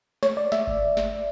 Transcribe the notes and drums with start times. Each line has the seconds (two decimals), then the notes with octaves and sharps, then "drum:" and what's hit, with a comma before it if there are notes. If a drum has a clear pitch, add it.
0.23 C#5, drum: snare
0.37 D5
0.52 E5, drum: snare
0.67 drum: kick G1
0.97 drum: snare